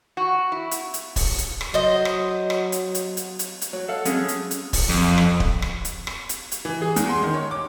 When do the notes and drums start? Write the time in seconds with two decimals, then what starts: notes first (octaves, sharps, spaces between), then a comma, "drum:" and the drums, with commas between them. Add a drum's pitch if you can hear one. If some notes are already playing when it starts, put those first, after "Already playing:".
0.17 F#4
0.52 E4
0.71 drum: hi-hat
0.94 drum: hi-hat
1.16 drum: kick, open hi-hat
1.38 drum: hi-hat
1.61 drum: rim click
1.74 F#3 C5 D#5
2.05 drum: rim click
2.50 drum: rim click
2.72 drum: hi-hat
2.95 drum: hi-hat
3.17 drum: hi-hat
3.39 drum: hi-hat
3.61 drum: hi-hat
3.73 F#3 C#5
3.88 A4 F5 F#5
4.05 F#3 G#3 C4 C#4 G#4 A4, drum: hi-hat
4.28 drum: hi-hat
4.51 drum: hi-hat
4.73 drum: kick, open hi-hat
4.89 F2
5.18 drum: rim click
5.40 drum: kick
5.62 drum: rim click
5.85 drum: hi-hat
6.07 drum: rim click
6.29 drum: hi-hat
6.52 drum: hi-hat
6.65 E3
6.82 G#4
6.96 E2, drum: hi-hat
7.09 C6
7.22 D#3
7.34 C#5
7.51 D6